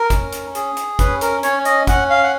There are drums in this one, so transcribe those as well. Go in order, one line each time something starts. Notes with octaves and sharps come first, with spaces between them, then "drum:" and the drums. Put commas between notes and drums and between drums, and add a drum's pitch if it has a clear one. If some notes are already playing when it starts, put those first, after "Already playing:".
Already playing: A#4
C#4, drum: kick G#1, hi-hat
drum: hi-hat
G#4, drum: hi-hat
drum: hi-hat
C#4 B4, drum: kick G#1, hi-hat
A#4, drum: hi-hat
C#4 C#5, drum: hi-hat
D#5, drum: hi-hat
C#4 F#5, drum: kick G#1, hi-hat
F5
F#5